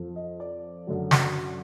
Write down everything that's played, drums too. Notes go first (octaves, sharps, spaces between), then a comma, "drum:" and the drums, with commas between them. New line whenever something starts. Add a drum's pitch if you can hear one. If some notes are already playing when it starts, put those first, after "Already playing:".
Already playing: F2 F3
D#5
D5
F#2 D3 F#3
drum: snare